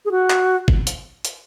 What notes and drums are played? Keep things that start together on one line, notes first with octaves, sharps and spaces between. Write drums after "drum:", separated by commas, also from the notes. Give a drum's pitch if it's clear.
G#4
F#4
drum: clap
drum: kick G1
drum: hi-hat
drum: hi-hat